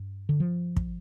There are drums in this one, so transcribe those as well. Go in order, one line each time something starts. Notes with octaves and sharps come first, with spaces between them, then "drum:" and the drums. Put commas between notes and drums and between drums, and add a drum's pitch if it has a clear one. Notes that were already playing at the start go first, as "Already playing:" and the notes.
Already playing: G2
D3
F3
drum: kick